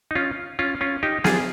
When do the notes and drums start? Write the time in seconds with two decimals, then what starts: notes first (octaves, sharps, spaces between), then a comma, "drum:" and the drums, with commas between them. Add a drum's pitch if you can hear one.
0.11 D#4
0.15 C#4 F4
0.59 C#4 F4
0.81 C#4 F4
1.03 D#4 G4
1.24 F4 G#4, drum: snare